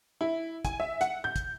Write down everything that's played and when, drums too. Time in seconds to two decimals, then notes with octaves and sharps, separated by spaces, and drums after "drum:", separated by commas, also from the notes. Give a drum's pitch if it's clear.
0.21 E4
0.65 G#5, drum: kick, hi-hat
0.80 E5
1.01 F#5, drum: hi-hat
1.24 G6
1.36 drum: kick, hi-hat